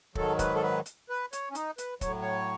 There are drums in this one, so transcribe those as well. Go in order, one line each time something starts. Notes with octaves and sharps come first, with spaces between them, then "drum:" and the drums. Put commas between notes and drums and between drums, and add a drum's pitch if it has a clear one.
G#2 D#3 F#3 A4, drum: kick
B4, drum: kick, hi-hat
A4
B4
drum: hi-hat
B4
C#5, drum: hi-hat
C#4
D#4, drum: hi-hat
B4, drum: hi-hat
A2 F#3 C#5, drum: kick, hi-hat
C#5